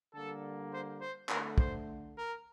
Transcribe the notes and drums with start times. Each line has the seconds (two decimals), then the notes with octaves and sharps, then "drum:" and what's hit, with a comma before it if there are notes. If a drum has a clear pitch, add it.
0.14 D3 G3 A#3 A4
0.72 C5
1.01 C5
1.29 D3 A3 A#4, drum: clap
1.58 C5, drum: kick
2.15 A#4